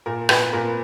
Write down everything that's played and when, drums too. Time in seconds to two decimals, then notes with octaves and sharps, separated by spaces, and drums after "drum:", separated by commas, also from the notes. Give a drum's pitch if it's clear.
0.06 A#2 A#4
0.29 A#2 B4, drum: rim click
0.53 A#2 A#4